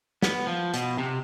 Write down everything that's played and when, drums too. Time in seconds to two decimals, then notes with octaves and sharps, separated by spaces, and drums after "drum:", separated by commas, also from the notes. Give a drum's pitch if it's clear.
0.22 B3, drum: snare
0.47 F3
0.74 B2, drum: hi-hat
0.98 C3